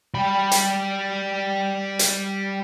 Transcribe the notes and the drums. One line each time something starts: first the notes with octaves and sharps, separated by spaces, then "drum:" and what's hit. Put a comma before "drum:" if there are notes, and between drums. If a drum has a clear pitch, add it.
G3 B5
drum: hi-hat
drum: hi-hat